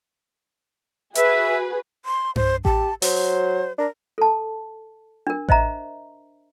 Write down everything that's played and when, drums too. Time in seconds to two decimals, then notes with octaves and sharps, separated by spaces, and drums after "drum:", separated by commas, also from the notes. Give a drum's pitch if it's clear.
1.15 F#4 G#4 B4 E5, drum: hi-hat
2.05 C6
2.36 C5, drum: tom G2
2.65 G4 A5, drum: kick A1
3.02 F#3 C5, drum: open hi-hat
3.78 D4 A#4
4.18 A4 A5
5.27 D4 A#4
5.49 C5 D#5 E5 A#5, drum: kick A1